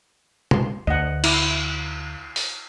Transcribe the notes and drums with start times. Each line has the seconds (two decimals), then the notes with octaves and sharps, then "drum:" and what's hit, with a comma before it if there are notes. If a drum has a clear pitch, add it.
0.51 C6, drum: tom
0.87 D2 D#5 F#5
1.24 E4 A#5 D6, drum: cymbal
2.36 drum: open hi-hat